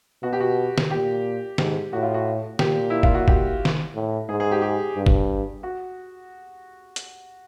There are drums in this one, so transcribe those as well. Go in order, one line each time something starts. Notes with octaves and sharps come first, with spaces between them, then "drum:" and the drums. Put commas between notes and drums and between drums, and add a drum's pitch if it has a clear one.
B2 F#4
G4
F#4
drum: snare
A#2 G4
G#2 G4, drum: snare
A2 F#4
F4
F#4
A#2 G4, drum: snare
E4
F4, drum: kick
F#4
G4, drum: kick
drum: snare
A2
G#2 G#4
G#4
G4
G4
G2
drum: kick
F#4
drum: hi-hat